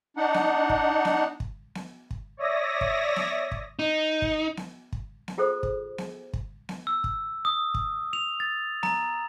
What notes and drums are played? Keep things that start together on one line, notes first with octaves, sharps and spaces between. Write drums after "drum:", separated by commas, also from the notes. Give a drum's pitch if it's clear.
D4 D#4 F#5
drum: snare B3
drum: kick
drum: snare B3
drum: kick
drum: snare B3
drum: kick
C#5 D5 E5 D#6 A#6
drum: kick
drum: snare B3
drum: kick
D#4
drum: kick
drum: snare B3
drum: kick
drum: snare B3
F4 G#4 A4 C5
drum: kick
drum: snare B3
drum: kick
drum: snare B3
E6
drum: kick
D#6
drum: kick
F7
A6
A#5, drum: snare B3